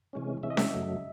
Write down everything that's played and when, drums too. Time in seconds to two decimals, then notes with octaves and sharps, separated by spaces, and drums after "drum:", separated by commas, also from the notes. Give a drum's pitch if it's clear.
0.13 C3 E3 G#3 C#4
0.43 C3 E3 G#3 C#4 E5
0.50 D#5
0.57 E5, drum: snare C#4
0.73 F#2 C#3 F#3 A3